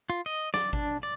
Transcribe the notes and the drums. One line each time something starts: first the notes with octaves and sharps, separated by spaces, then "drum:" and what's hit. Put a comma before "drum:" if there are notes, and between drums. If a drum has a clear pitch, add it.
F4
D#5
D5, drum: snare
D4, drum: kick G#1
D5